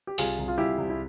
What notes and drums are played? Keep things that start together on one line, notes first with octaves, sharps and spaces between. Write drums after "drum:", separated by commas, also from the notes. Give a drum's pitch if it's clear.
G4
C2 F4 G#4, drum: open hi-hat
C2
F4
C2 E4 G4
C2
E4